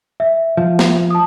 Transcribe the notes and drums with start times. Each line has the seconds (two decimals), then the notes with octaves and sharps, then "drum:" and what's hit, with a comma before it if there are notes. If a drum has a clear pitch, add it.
0.20 E5
0.57 F3
0.79 drum: snare
1.11 A5 D#6